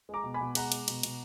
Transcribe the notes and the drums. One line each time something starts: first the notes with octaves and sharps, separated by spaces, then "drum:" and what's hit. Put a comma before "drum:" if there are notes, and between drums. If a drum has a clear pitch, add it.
G#3 A#5 D6
B2
G#5 B5
B2
G#3 F#5 A#5, drum: cymbal
G#3, drum: cymbal
B2, drum: cymbal
B2, drum: cymbal